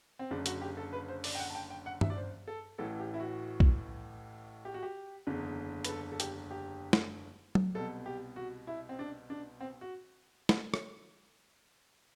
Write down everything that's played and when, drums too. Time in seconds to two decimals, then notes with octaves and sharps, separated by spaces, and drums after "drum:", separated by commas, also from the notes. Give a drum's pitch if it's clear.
0.19 C4
0.31 F#1 F#2 D3 D4
0.46 F#4, drum: hi-hat
0.62 G4
0.77 A4
0.93 B4
1.08 C5
1.24 D5, drum: open hi-hat
1.35 G5
1.40 F#5
1.50 A5
1.55 G5
1.70 G5
1.86 F#5
2.01 E5, drum: tom G2
2.10 D5
2.17 C5
2.48 A4
2.78 A1 A2 E3 A4
3.00 G4
3.14 E4
3.20 F#4
3.60 drum: kick B1
4.65 G4
4.74 F#4
4.83 G4
5.27 F#1 E2 D3
5.85 B4, drum: hi-hat
5.89 A4
6.12 A4
6.20 G4, drum: hi-hat
6.51 G4
6.93 drum: snare
7.55 drum: tom F#3
7.75 C2 B2 A4
8.06 G4
8.36 F#4
8.67 E4
8.89 C4
8.99 D4
9.30 D4
9.61 C4
9.81 F#4
10.49 drum: snare
10.74 drum: rim click